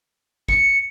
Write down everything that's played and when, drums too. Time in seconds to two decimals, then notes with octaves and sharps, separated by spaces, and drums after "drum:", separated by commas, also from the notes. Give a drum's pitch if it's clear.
0.48 C#7, drum: kick